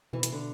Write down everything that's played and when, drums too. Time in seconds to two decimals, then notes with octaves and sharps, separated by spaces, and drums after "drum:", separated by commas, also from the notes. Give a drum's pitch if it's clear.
0.13 B2 E3
0.23 E3, drum: hi-hat
0.32 D3